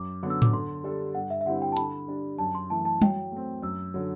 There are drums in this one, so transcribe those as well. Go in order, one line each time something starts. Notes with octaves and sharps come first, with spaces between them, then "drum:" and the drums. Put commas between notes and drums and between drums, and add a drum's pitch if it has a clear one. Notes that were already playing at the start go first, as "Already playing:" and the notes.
Already playing: F#2 D6
D3 F#3 B3
E6
D6, drum: tom A2
D3 C6
G3 D4 A4
G2 F#5
E5
E5
D3 G3 C4 E4 F#5
G5
A5
D3 B5, drum: hi-hat
G3 D4
F#2 A5
C6
E3 A3 E4 A5
A5
F#3 G5, drum: tom
A3 C4
F#2 E6
D3 F#3